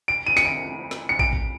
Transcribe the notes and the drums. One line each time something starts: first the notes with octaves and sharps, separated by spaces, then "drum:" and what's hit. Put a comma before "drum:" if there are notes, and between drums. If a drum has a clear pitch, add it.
D7
D#7
C#7, drum: snare
D7
drum: snare
C#7
D7, drum: kick
drum: kick